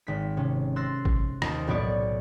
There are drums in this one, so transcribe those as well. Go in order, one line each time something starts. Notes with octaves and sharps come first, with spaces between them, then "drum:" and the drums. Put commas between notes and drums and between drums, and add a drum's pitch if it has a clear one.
G#1 B6
C3 C#4
C6 E6 F#6 A6 A#6 C7
drum: kick G#1
D#2 C5 A5, drum: rim click
B1 A2 F#3 B3 D5 C#6